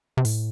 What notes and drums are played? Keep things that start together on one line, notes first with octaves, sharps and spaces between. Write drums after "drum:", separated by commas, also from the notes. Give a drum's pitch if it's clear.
C3
A2, drum: open hi-hat